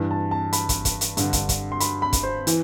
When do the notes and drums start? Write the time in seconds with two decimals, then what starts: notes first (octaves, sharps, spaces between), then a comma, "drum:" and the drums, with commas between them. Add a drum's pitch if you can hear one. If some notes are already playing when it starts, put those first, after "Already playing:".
Already playing: G2 E3
0.11 A5
0.31 A5
0.53 B5, drum: hi-hat
0.69 drum: kick, hi-hat
0.85 drum: kick, hi-hat
1.01 drum: hi-hat
1.17 G2 D3, drum: hi-hat
1.33 drum: kick, hi-hat
1.49 drum: kick, hi-hat
1.72 C6
1.80 B5, drum: hi-hat
2.02 B5
2.13 drum: kick, hi-hat
2.23 C5
2.47 E3, drum: hi-hat